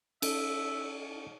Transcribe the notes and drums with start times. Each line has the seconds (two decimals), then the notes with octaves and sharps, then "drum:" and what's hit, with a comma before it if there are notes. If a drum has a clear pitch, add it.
0.22 C#4 A4 E5, drum: cymbal